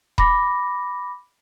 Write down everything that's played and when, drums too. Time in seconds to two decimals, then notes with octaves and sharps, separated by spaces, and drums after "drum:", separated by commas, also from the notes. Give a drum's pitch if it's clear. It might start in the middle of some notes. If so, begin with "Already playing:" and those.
0.18 B5 D6 A#6, drum: kick D#1